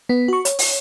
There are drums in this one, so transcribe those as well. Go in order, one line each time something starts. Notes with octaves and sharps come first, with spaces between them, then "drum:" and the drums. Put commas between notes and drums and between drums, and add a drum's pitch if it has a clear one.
B3
F#4 C#6
C#5, drum: hi-hat
drum: open hi-hat